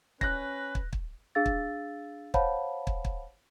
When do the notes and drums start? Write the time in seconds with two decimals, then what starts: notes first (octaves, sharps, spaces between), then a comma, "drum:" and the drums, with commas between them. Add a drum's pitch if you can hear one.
0.21 C#4 B4 F#6 A#6, drum: kick
0.75 drum: kick
0.93 drum: kick
1.35 D4 G#4 F5 E6 A6
1.46 drum: kick
2.34 C5 C#5 F5 F#5 A5 B5, drum: kick
2.87 drum: kick
3.05 drum: kick